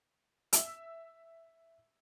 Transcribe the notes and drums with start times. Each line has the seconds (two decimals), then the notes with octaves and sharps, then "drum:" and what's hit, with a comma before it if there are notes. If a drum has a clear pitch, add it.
0.53 E5 E6, drum: hi-hat